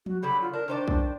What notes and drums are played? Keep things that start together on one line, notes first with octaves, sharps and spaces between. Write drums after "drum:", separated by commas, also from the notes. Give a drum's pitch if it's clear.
F#4, drum: tom F3
D3 F#3 G3 B5
F4
D4 A#4
D#3 D4 C5 D5
drum: kick B1